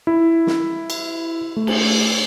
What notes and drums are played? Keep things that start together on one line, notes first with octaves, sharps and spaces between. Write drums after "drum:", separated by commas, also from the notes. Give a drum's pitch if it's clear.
E4
drum: snare
drum: cymbal
A3
drum: cymbal